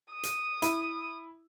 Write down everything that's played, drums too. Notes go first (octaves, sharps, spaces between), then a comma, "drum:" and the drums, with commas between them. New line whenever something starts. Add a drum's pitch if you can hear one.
D#6
drum: hi-hat
E4, drum: hi-hat